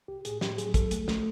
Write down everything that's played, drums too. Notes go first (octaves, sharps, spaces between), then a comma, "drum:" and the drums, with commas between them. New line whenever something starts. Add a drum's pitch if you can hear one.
C2 G4
A2 G#4, drum: hi-hat
A2 G4, drum: snare
F#3 G#4, drum: hi-hat
F#3 A4, drum: kick, hi-hat
A3, drum: hi-hat
A3, drum: snare